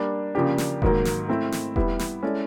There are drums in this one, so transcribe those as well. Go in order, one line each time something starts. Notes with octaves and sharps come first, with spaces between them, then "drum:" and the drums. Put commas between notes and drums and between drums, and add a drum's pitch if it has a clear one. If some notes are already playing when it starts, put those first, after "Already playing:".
Already playing: G3 A#3 D4
C#3 F3 A#3 D4 G4
drum: snare
G#2 D#3 F#3 A#3, drum: kick E1
drum: snare
A3 C4 E4
drum: snare
G3 B3 E4, drum: kick E1
drum: snare
G#3 C#4 E4 A4 D5